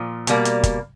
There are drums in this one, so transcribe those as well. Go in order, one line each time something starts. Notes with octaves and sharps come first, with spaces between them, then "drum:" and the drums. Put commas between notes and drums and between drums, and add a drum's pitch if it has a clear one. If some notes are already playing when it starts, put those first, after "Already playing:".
Already playing: A#2 F3
B2 G3 A#3, drum: hi-hat
drum: hi-hat
drum: kick, hi-hat